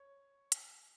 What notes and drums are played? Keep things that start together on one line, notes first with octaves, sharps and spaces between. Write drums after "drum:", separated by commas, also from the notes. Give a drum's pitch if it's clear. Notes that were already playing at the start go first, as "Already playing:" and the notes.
Already playing: C#5
drum: hi-hat